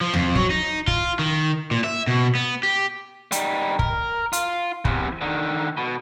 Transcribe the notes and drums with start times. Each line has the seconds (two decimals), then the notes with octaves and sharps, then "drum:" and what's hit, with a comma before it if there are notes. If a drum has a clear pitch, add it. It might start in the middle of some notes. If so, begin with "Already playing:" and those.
0.01 F3
0.14 F2, drum: tom D#2
0.35 F#3, drum: kick
0.50 D#4
0.87 F4, drum: kick
1.19 D#3
1.71 A#2
1.84 E5
2.07 B2
2.35 B3
2.63 G4
3.32 G3 D#4, drum: hi-hat
3.79 A#4, drum: kick
4.33 F4, drum: hi-hat
4.85 E2 C3, drum: kick
5.21 D3 D#3
5.77 B2